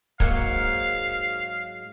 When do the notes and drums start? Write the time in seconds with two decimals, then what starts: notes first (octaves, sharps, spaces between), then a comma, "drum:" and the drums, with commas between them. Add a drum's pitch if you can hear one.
0.20 G#2 F#3 A#3 F5, drum: kick